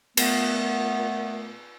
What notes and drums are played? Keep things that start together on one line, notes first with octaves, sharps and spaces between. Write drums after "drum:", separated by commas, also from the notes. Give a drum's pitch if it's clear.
A#2 A3 B3, drum: cymbal